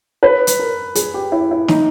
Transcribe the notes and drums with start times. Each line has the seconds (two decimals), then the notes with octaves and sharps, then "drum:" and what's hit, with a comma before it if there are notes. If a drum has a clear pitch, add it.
0.23 B4
0.47 drum: hi-hat
0.59 A#4
0.95 G#4, drum: hi-hat
1.14 G4
1.32 E4
1.51 E4
1.68 D#4, drum: snare